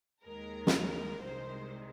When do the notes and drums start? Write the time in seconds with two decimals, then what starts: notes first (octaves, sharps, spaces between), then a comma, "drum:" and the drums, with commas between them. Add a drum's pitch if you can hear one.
0.24 D#2 D#3 G#3 A#4
0.67 drum: snare
1.21 C2 C3 D#3 G#3 C5